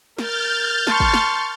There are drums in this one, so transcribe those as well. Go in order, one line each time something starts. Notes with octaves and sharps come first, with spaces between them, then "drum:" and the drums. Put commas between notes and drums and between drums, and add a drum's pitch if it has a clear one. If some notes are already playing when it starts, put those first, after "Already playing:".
A#4 F6 G6 A6, drum: snare
A5 C6 C#6, drum: snare
drum: kick
drum: snare